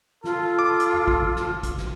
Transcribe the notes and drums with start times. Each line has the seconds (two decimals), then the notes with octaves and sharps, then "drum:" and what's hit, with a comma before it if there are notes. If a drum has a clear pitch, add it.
0.24 F4 A4, drum: snare
0.59 D6
0.80 drum: hi-hat
0.94 drum: tom E2
1.08 drum: kick
1.35 drum: snare
1.63 drum: kick, hi-hat
1.77 drum: snare